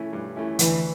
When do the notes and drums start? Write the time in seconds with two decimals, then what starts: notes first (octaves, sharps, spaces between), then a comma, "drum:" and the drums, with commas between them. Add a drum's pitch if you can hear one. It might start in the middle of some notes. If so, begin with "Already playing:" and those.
Already playing: E3 A3 C#4 E4
0.13 G2
0.36 E3 A3 C#4 E4
0.59 D2 E3, drum: hi-hat